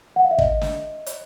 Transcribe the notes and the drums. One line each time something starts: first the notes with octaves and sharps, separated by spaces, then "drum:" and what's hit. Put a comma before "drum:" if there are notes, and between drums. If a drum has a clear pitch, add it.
F#5
F5
E5
D#5, drum: kick
drum: snare
drum: hi-hat